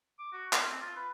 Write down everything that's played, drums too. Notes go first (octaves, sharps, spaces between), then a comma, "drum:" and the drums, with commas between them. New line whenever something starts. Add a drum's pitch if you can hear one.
D6
F#4
C6, drum: clap
C4
F4
B4